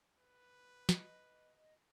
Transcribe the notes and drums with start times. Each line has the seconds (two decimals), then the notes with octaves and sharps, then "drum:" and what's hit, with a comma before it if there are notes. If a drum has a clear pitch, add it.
0.19 B4
0.89 D#5, drum: snare